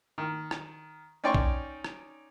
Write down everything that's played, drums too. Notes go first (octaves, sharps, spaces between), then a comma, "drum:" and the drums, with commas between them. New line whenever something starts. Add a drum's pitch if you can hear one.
D#3
drum: rim click
C#4 D#4 D5 G5 C6 C#6
drum: kick B1
drum: rim click